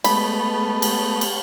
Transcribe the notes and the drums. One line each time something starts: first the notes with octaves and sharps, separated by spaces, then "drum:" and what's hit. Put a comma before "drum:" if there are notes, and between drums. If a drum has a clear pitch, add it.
G#3 A3 B3 B5, drum: cymbal
drum: cymbal
drum: cymbal